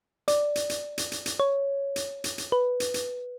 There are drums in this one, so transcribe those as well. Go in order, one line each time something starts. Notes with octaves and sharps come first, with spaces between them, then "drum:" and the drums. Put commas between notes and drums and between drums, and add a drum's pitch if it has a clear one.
D5, drum: hi-hat
drum: hi-hat
drum: hi-hat
drum: hi-hat
drum: hi-hat
drum: hi-hat
C#5
drum: hi-hat
drum: hi-hat
drum: hi-hat
B4
drum: hi-hat
drum: hi-hat